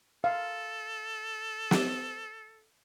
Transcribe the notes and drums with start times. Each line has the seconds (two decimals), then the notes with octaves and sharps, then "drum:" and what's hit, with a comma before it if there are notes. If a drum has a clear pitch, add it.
0.24 A4 F5
1.71 drum: snare